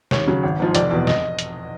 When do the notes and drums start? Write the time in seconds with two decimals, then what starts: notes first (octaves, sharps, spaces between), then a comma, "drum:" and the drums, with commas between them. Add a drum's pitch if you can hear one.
0.11 D#2 C#5, drum: snare
0.27 C#3 F#3
0.43 G#1
0.60 G#2 F3
0.75 F1 D5, drum: hi-hat
0.91 E2 B2
1.07 D#5, drum: snare
1.39 drum: hi-hat